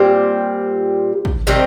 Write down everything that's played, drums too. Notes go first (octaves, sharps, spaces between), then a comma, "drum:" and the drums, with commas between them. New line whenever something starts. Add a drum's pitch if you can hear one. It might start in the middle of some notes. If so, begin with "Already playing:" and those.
Already playing: A#2 G3 C4 G4
drum: kick
C3 D#3 G3 C4